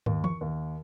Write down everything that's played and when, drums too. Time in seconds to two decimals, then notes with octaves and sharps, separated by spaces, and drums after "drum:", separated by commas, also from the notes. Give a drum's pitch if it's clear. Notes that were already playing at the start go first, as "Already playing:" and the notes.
0.06 D#2, drum: tom
0.24 C#6, drum: tom E3
0.41 D#2